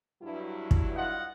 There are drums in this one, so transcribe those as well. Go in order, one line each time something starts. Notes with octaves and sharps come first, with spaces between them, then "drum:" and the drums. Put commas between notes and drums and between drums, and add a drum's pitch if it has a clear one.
G2 F#3 E4
drum: kick
F4 D#5 F#5